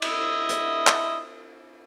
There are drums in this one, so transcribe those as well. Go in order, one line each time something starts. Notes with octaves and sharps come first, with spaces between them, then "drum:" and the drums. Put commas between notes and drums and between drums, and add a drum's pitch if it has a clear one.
E4 D#5 E5, drum: cymbal
drum: hi-hat
drum: clap